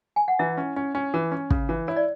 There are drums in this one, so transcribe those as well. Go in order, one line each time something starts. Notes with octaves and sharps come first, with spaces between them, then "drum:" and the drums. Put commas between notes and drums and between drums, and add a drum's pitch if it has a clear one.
G#5
F#5
E3 E4 E5
C#4
C#4
C#4
E3
C#4
C#3, drum: kick
E3
E4 C#5
D5